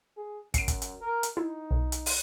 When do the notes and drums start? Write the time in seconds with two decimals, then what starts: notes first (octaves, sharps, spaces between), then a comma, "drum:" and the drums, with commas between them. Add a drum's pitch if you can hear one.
0.17 G#4
0.54 F#2 C7 D7, drum: kick, hi-hat
0.68 drum: kick, hi-hat
0.82 drum: hi-hat
1.01 A#4
1.23 drum: hi-hat
1.37 D#4 E4
1.71 B1
1.92 drum: hi-hat
2.06 drum: open hi-hat